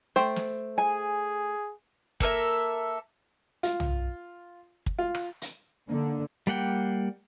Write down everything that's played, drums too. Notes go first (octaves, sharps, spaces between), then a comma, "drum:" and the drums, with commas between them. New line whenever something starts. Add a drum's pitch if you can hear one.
A3 C5 G5
drum: snare
G#4 G#5
A#3 A4 A#4 E5, drum: kick
F4, drum: hi-hat
drum: tom
drum: kick
F4
drum: rim click
drum: hi-hat
D3 A#3 D#4
G3 A#3 F#5 G5